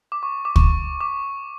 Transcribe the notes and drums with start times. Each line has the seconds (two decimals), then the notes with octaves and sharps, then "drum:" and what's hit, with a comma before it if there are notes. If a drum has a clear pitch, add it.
0.12 D6
0.23 C#6
0.45 D6
0.56 C#6, drum: kick
1.01 D6